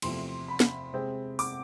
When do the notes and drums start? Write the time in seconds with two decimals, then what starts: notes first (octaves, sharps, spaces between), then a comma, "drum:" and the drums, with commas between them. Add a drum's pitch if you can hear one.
0.02 E2 C3 F3 A3 C6, drum: cymbal
0.48 B5
0.60 drum: snare
0.93 C3 G#3 C4
1.39 D6, drum: open hi-hat